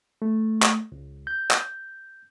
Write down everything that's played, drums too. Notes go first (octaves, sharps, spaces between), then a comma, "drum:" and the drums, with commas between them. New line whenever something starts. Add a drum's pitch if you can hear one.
A3
drum: clap
C#2
G6
drum: clap